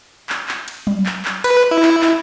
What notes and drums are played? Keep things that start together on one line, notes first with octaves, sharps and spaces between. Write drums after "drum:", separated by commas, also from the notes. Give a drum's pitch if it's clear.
drum: clap
drum: clap
drum: cymbal
drum: tom F#3
drum: clap
drum: clap
B4, drum: cymbal
E4
drum: clap
drum: clap